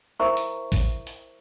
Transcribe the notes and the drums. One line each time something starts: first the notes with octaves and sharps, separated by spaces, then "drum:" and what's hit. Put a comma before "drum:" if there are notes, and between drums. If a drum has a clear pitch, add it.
E4 A#4 C5 E5 A#5 C#6
drum: hi-hat
drum: kick, open hi-hat
drum: hi-hat